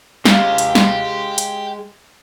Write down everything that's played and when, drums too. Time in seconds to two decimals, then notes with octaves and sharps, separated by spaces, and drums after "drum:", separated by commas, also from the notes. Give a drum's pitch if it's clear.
0.25 G#3 G4 F5, drum: snare
0.58 drum: hi-hat
0.75 drum: snare
1.38 drum: hi-hat